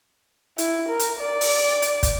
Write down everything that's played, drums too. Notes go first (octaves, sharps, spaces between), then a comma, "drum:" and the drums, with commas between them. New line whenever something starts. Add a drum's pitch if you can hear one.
E4, drum: hi-hat
A#4
drum: hi-hat
D5
drum: open hi-hat
drum: hi-hat
drum: kick, hi-hat